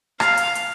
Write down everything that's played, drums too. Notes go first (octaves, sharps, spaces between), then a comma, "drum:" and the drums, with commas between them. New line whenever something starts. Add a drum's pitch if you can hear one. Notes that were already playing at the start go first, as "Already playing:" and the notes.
F5, drum: rim click
drum: hi-hat
drum: hi-hat